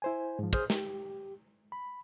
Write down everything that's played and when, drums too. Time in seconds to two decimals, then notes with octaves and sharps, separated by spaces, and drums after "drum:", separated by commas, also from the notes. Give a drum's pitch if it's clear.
0.02 E4 C5 G#5
0.39 G#2 F3
0.53 G#4 C5 C6 D#6 F6 G6, drum: kick
0.70 G4, drum: snare
1.72 B5